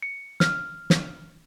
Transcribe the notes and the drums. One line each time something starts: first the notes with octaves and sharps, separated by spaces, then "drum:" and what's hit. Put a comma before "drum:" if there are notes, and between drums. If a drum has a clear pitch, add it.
C#7
F6, drum: snare
drum: snare